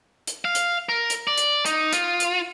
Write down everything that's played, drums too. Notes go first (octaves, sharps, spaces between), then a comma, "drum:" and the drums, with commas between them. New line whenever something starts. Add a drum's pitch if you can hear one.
drum: hi-hat
F5
drum: hi-hat
A#4
drum: hi-hat
D5
drum: hi-hat
D#4, drum: hi-hat
F4, drum: hi-hat
drum: hi-hat